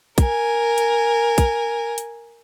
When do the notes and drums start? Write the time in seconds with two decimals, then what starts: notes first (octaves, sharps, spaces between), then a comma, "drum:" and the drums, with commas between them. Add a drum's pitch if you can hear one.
0.18 A#4 G#5, drum: kick, hi-hat
0.78 drum: hi-hat
1.38 drum: kick, hi-hat
1.98 drum: hi-hat